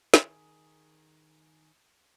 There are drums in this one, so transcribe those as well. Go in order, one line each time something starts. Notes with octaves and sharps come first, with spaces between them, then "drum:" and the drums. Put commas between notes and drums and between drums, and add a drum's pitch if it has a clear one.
D#3 G#4, drum: snare